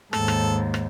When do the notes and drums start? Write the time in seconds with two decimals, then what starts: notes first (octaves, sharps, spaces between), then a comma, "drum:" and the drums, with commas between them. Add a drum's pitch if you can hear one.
0.13 D#2 G#2 A4, drum: rim click
0.28 drum: rim click
0.74 drum: rim click